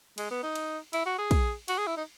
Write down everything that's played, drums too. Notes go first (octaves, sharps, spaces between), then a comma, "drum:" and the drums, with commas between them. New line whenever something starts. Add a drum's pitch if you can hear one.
G#3, drum: cymbal
B3
D#4
drum: cymbal
E4, drum: cymbal
F#4
G#4
drum: kick, cymbal
F#4, drum: cymbal
G#4
E4
D#4